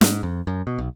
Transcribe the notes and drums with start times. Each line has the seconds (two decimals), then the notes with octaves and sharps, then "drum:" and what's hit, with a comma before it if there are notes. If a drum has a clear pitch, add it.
0.01 G#2, drum: snare
0.23 F2
0.47 F#2
0.67 B2
0.78 B1